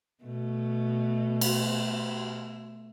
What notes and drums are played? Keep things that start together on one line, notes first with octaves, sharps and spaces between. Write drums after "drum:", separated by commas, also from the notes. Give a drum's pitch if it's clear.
B2 A3
drum: cymbal